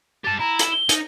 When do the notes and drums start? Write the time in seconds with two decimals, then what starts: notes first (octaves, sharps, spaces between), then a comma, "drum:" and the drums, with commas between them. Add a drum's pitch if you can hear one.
0.25 G4 A5 A6
0.40 E4 A#5
0.59 drum: hi-hat
0.71 G7
0.89 D#4, drum: hi-hat